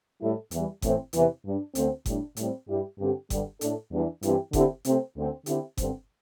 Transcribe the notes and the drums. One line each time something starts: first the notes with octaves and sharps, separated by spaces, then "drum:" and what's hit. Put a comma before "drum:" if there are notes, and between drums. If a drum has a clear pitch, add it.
A2 G3 E4 A4
E2 E3 G3, drum: hi-hat
A2 E3 A3 C4, drum: kick F#1, hi-hat
E2 C3 E3, drum: hi-hat
G2 G3 D4
D2 D3 A3 C4, drum: hi-hat
A2 G3 D4, drum: kick F#1, hi-hat
A2 G3 C4, drum: hi-hat
G2 G3 E4 G4
G2 D3 C4 G4
G2 D3 G3, drum: kick F#1, hi-hat
A2 A3 D4 A4, drum: hi-hat
E2 E3 G3 D4
G2 E3 C4 E4 G4, drum: hi-hat
D3 C4 E4 G4, drum: kick F#1, hi-hat
C3 A3 C4, drum: hi-hat
D2 D3 C4
D3 C4 E4 G4, drum: hi-hat
G2 D3 C4, drum: kick F#1, hi-hat